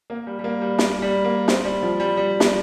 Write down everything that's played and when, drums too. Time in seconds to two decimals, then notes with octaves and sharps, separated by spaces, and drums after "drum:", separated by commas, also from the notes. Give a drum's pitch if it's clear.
0.10 A#3
0.27 G3
0.39 G3
0.44 A#3
0.61 G3
0.79 drum: snare
1.02 G3
1.24 A#3
1.48 C4, drum: snare
1.65 G3
1.82 F3
2.00 G3
2.17 G3
2.40 drum: snare